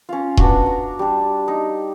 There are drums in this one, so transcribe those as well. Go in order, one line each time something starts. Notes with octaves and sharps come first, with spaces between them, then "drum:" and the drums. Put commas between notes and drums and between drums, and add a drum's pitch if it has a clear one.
C#4 F4
B3 D4 F#4 C#6, drum: kick D#1
A#5
G3 D4
D#4